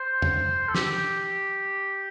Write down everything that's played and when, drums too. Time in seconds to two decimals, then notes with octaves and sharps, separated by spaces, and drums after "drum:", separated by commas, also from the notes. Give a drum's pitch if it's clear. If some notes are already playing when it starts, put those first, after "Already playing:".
Already playing: C5
0.22 drum: tom F2
0.68 A4
0.75 G4, drum: snare